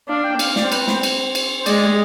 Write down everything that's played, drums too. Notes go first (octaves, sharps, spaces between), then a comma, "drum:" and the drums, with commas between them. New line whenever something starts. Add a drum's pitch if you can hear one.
D4 F5
G5
C4 F5, drum: cymbal
D5, drum: snare
C5
B4, drum: cymbal
C5, drum: snare
drum: cymbal
drum: cymbal
C5
G#3 D5, drum: cymbal